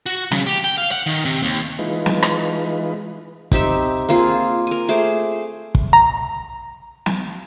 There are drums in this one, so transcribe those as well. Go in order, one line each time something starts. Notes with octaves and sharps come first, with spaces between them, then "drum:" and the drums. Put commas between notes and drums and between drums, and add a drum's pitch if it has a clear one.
F#4
C#3, drum: snare
G4
G5
F5
F#5
D#3
C3
D#2
E3 G#3 D#4 F4 B4
drum: snare
drum: rim click
C4 D#4 G4 E5, drum: kick
A#3 C4 F4 G#4
A#4 G#5
A3 G#4 C5 D6
drum: kick
A#5
drum: snare